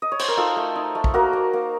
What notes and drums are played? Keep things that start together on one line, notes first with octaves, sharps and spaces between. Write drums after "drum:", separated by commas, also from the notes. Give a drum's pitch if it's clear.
D#5
C#5
C5, drum: cymbal
A#4
D#4 F4 A4
A3
D#4
A3
drum: kick
A#3 F#4 A#4
A#3
A#3